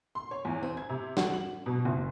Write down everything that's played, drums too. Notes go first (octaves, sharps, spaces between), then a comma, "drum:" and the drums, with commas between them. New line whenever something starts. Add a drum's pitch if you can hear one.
C6
C#5
E2
C4
G#6
C3
F#4, drum: snare
F#7
B2
F#1